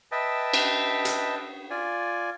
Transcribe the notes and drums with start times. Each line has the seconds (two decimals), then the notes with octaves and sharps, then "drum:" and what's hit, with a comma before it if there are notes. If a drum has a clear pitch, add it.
0.12 B4 D#5 E5 G5 A5
0.54 drum: cymbal
1.05 drum: hi-hat
1.70 F4 D5 G#5